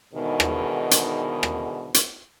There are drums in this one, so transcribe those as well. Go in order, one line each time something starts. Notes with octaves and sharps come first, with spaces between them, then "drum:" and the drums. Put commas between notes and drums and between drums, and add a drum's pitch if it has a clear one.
E2 G#2 B2 D3 D#3
drum: rim click
drum: hi-hat
drum: rim click
drum: hi-hat